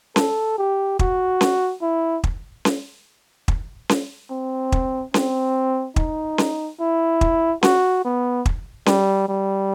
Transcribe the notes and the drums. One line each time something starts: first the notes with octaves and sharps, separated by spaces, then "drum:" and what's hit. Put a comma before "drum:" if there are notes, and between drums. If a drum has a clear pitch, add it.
A4, drum: snare C#4
G4
F#4, drum: kick
drum: snare C#4
E4
drum: kick
drum: snare C#4
drum: kick
drum: snare C#4
C4
drum: kick
C4, drum: snare C#4
D#4, drum: kick
drum: snare C#4
E4
drum: kick
F#4, drum: snare C#4
B3
drum: kick
G3, drum: snare C#4
G3